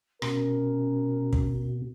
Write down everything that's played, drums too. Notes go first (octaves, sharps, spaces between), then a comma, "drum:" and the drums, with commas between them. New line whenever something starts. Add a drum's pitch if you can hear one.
B2 C#4 A#4, drum: rim click
drum: kick